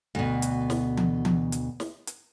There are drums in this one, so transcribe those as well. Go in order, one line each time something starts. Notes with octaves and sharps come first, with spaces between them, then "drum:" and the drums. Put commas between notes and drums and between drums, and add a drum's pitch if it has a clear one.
D2 B2
drum: hi-hat
drum: snare
drum: tom E3
drum: tom E3
drum: hi-hat
drum: snare
drum: hi-hat